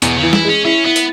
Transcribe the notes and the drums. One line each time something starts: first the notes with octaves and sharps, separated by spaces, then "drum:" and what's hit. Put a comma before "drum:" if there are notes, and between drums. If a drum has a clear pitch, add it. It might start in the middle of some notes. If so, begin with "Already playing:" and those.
E2 B2, drum: hi-hat
C#3 E3
E4, drum: snare
G#3 C#4
C#4 E4
B3 E4
drum: hi-hat